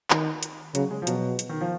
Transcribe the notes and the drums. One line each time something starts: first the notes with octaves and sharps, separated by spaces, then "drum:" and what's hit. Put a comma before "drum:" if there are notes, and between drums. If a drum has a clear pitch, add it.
D#3, drum: clap
drum: hi-hat
C#3 F#3, drum: hi-hat
G#3
F3
B2 F#3, drum: hi-hat
drum: hi-hat
D#3
F3